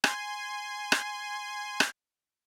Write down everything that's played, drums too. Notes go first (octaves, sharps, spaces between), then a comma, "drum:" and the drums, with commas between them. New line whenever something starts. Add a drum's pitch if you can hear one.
G#5 C6, drum: rim click
drum: rim click
drum: rim click